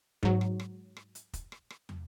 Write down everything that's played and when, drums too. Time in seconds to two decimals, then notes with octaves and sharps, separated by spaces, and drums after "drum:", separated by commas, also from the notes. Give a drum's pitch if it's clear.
0.23 G#2 F#3, drum: kick
0.41 drum: rim click
0.60 drum: rim click
0.97 drum: rim click
1.15 drum: hi-hat
1.33 drum: kick, hi-hat
1.52 drum: rim click
1.70 drum: rim click
1.89 drum: tom